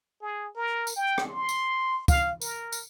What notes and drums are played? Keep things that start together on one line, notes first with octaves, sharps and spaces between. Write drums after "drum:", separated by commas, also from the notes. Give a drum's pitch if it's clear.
G#4
A#4
drum: tambourine
G5
drum: rim click
C6
drum: tambourine
F5, drum: kick, tambourine
A#4, drum: tambourine
drum: tambourine